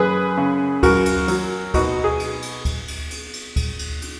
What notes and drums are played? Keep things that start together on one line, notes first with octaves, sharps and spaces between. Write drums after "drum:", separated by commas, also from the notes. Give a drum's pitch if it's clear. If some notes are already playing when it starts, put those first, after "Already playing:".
Already playing: F#2 G#4 B4
C#3
F#2 F#4 A#4, drum: kick D2, cymbal
drum: cymbal
F#3, drum: cymbal
B2 D#4 F#4, drum: kick D2, cymbal
G#4
drum: cymbal
drum: cymbal
drum: kick D2, cymbal
drum: cymbal
drum: cymbal
drum: cymbal
drum: kick D2, cymbal
drum: cymbal
drum: cymbal